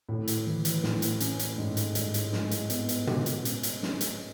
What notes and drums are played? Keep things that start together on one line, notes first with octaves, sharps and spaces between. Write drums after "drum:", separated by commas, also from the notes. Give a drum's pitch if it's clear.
A2
drum: hi-hat
E3
drum: hi-hat
A2, drum: snare
drum: hi-hat
C#4, drum: hi-hat
drum: hi-hat
G#2
drum: hi-hat
G#2, drum: hi-hat
drum: hi-hat
G#3, drum: snare
drum: hi-hat
B3, drum: hi-hat
drum: hi-hat
G#3, drum: tom
drum: hi-hat
C#4, drum: hi-hat
drum: hi-hat
C#4, drum: snare
drum: hi-hat